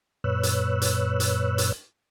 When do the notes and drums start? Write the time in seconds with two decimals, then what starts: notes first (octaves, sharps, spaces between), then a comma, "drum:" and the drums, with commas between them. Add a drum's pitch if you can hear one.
0.24 F#2 A#2 B4 C#5 E6 F#6
0.43 drum: hi-hat
0.82 drum: hi-hat
1.20 drum: hi-hat
1.58 drum: hi-hat